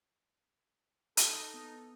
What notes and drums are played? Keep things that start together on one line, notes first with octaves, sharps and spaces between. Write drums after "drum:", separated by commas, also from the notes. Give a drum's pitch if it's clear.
D#4 A4, drum: hi-hat
B3